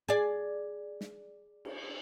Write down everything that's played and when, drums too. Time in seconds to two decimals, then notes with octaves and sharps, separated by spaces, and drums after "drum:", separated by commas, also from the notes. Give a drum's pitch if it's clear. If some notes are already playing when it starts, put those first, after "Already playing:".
0.08 G#4 D5
1.01 drum: snare
1.65 drum: cymbal